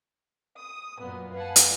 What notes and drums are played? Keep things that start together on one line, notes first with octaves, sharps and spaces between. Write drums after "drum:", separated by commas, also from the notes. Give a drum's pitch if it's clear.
D#6
F#2 A#2 F#3 A#3 B3
B4 F5 F#5 G#5 A5
drum: hi-hat